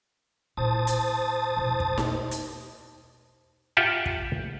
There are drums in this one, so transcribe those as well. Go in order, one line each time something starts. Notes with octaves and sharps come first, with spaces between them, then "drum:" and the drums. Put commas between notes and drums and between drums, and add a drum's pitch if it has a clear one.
A#2 E4 C5 A5 D#6
drum: hi-hat
E2 B2
drum: kick
drum: snare D#4
drum: hi-hat
F4 G4 E5 F#5 G5
drum: kick